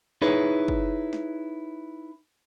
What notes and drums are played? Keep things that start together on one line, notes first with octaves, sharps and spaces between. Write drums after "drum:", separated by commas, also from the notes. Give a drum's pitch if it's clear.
D#4 E4 G#4 B4 C#5
drum: kick
drum: snare